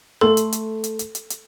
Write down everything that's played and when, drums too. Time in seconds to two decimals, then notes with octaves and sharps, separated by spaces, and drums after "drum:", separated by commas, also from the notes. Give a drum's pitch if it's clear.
0.21 A3 A4 C6
0.37 drum: hi-hat
0.52 drum: hi-hat
0.84 drum: hi-hat
0.99 drum: hi-hat
1.15 drum: hi-hat
1.30 drum: hi-hat